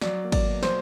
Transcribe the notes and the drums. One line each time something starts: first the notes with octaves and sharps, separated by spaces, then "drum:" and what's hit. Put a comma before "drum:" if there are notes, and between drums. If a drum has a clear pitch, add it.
F#3 D5, drum: snare
A#3
D5, drum: kick G#1, cymbal
B2
C5, drum: snare